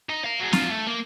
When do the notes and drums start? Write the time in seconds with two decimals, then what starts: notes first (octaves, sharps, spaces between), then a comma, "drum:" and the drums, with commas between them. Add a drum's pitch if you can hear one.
0.09 D#4
0.24 F5 A#5
0.40 F#3 G#4
0.53 F#3 F4, drum: snare C4
0.70 A3
0.87 A#3